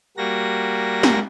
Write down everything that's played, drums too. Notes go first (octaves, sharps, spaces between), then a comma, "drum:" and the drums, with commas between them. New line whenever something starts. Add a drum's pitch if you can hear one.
G3 A#3 F#4 A#6
drum: snare